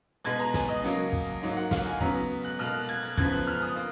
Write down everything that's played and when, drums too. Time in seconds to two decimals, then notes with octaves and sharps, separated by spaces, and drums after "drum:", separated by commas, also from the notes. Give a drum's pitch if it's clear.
0.25 B2 G#3 B3 G#6
0.40 A#5
0.54 G#5, drum: snare
0.69 D#5
0.83 C#3 F#3 A#3
1.13 drum: kick
1.42 G#2 F#3 A#3
1.57 F#5
1.71 F5, drum: snare
1.86 G#5
2.00 C#3 F#3 B3 A#5, drum: kick
2.44 F#6
2.59 B2 A#3 F6
2.74 F#6
2.89 G#6
3.03 G#6
3.17 F#2 C#3 F3 B3 G#6, drum: kick
3.32 F#6
3.47 F6
3.62 D#6
3.76 A#3